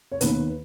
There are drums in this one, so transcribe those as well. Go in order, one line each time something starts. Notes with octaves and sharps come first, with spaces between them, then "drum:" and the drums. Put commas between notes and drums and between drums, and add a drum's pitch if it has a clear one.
C#5
D#2 D#3 B3 B4, drum: hi-hat